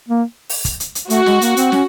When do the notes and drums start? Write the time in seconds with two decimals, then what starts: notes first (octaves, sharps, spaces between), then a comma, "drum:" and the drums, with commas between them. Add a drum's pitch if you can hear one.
0.09 A#3
0.49 drum: open hi-hat
0.65 drum: kick, hi-hat
0.80 drum: hi-hat
0.95 drum: hi-hat
1.10 A3 F#4, drum: hi-hat
1.26 G#3, drum: snare
1.41 A#3, drum: hi-hat
1.57 C4, drum: hi-hat
1.72 C#4, drum: snare